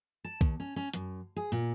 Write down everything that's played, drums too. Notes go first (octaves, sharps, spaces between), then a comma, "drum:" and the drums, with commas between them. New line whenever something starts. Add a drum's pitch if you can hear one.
A5
D#2, drum: kick B1
C#4
C#4
F#2, drum: hi-hat
G#4
A#2